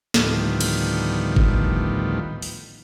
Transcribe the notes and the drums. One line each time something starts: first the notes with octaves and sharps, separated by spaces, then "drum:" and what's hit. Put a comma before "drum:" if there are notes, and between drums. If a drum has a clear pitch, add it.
D2 A2 D#3 F3 G3 B3, drum: snare
drum: cymbal
drum: kick G1
drum: open hi-hat